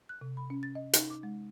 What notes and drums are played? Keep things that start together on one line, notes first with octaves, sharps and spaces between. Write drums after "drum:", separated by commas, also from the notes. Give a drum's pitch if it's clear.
F#6
C3
B5
C#4
A6
D#5
D#4, drum: hi-hat
D6
G#3